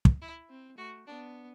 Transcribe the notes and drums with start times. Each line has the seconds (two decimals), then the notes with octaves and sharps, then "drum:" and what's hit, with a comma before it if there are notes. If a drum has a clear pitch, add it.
0.05 drum: kick
0.22 E4
0.50 C4
0.78 A3 F#4
1.07 B3 D4